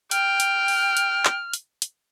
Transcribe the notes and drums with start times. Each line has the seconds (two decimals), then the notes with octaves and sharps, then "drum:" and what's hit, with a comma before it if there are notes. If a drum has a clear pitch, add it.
0.11 G5 F6, drum: hi-hat
0.40 drum: hi-hat
0.68 drum: open hi-hat
0.97 drum: hi-hat
1.25 drum: clap
1.54 drum: hi-hat
1.82 drum: hi-hat